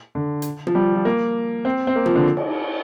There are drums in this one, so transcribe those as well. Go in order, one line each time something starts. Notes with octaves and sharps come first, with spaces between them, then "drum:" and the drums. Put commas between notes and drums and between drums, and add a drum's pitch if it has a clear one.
D3
drum: hi-hat
F3, drum: tom
G3
F3
A#3
C4
C4
A#3
F3, drum: tom
D3
drum: cymbal